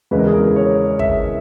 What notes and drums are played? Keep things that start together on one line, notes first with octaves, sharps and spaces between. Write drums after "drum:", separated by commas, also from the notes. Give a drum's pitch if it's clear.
E2 C#3 G#3 C#4 E4 B4
A#4
G#4
A#4
C#5
E5, drum: kick